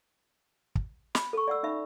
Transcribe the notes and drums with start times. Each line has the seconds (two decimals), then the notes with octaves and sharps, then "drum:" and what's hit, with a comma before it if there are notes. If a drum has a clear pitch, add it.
0.75 drum: kick
1.15 B5, drum: snare
1.33 A4 C#6
1.48 D5 F#5 E6
1.63 C#4 D#4 E5 B5